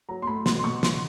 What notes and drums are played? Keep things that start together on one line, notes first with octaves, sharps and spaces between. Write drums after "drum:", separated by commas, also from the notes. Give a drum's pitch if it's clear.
F#3 A#5
C6
A3 B5
B2 C6, drum: snare
C6
B2 C#6
C#3 C6, drum: snare